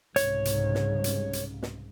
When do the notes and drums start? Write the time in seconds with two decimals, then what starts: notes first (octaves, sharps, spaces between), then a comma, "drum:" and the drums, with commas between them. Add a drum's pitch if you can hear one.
0.16 C2 G#2 C#3 C#5, drum: hi-hat
0.45 drum: hi-hat
0.75 drum: snare
1.04 drum: hi-hat
1.33 drum: hi-hat
1.63 drum: snare